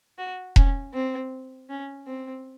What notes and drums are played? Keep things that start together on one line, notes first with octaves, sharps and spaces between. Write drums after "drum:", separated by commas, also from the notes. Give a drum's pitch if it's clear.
F#4
C#4, drum: kick E1
C4
C#4
C4